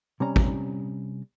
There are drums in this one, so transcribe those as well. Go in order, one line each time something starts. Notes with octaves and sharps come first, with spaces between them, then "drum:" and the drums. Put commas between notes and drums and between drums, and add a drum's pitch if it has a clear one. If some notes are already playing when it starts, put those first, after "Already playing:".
C3 G3 C#4 A#5
drum: kick